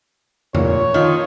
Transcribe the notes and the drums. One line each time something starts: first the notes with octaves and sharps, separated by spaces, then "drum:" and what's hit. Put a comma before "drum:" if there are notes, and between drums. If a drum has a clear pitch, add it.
A#2 C#5, drum: tom
D#3 F4